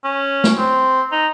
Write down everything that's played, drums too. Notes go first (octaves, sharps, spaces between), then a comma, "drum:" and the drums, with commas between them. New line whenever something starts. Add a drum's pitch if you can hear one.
C#4
drum: snare
C4
D#4